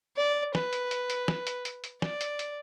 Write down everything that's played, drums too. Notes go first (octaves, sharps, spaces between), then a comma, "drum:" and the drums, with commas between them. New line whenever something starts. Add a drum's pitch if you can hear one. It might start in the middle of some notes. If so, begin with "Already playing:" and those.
D5
B4, drum: snare
drum: hi-hat
drum: hi-hat
drum: hi-hat
drum: snare
drum: hi-hat
drum: hi-hat
drum: hi-hat
D5, drum: snare
drum: hi-hat
drum: hi-hat